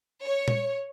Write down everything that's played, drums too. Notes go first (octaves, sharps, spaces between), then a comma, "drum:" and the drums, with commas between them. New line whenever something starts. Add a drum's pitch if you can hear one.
C#5
drum: tom A#2